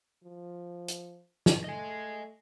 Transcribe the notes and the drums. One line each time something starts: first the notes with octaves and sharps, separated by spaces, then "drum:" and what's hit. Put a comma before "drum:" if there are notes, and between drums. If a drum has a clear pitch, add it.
F3
drum: hi-hat
drum: snare
A3 D#5 G#5